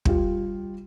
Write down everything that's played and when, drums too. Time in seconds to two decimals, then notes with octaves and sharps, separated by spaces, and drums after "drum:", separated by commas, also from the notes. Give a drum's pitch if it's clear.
0.05 G3 F4 G4, drum: kick